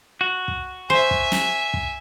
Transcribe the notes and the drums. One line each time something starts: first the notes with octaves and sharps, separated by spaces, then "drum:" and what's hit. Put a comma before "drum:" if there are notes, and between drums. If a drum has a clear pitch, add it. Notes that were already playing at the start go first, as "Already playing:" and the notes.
F#4
drum: kick
C5 E5 G#5
drum: kick
drum: snare
drum: kick